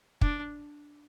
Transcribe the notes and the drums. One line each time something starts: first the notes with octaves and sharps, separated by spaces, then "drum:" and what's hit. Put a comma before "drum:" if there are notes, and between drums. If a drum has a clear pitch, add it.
D4, drum: kick